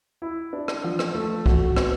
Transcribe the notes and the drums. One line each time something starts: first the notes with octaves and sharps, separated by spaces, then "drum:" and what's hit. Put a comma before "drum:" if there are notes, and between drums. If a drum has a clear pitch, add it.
E4
D4
drum: rim click
F3
drum: rim click
A3
F#4, drum: kick C2
B3, drum: rim click